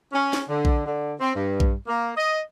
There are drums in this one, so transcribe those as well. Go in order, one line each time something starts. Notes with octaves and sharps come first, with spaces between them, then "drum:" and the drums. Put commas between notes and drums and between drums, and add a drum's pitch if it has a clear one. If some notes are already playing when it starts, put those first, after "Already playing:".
C#4
drum: snare
D3
drum: kick A#1
D3
C4
G2
drum: kick A#1
A#3
D#5